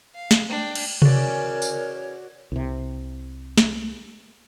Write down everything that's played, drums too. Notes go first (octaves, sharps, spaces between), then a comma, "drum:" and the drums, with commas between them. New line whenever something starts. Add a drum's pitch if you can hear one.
F5
drum: snare
D4 G5
drum: cymbal
C#3 E3 C#4 F#4 A#4 C#5 D5, drum: tom C3
drum: tambourine
C2 C3
drum: snare